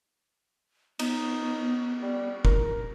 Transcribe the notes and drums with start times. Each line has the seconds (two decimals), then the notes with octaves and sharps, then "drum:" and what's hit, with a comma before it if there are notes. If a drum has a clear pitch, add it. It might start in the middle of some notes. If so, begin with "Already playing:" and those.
0.99 B3 D#4, drum: cymbal
2.02 G3
2.45 A#4, drum: kick